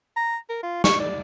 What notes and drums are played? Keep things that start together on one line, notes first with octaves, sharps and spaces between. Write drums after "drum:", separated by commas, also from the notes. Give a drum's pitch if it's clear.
A#5
A#4
F4
C#6, drum: snare
D5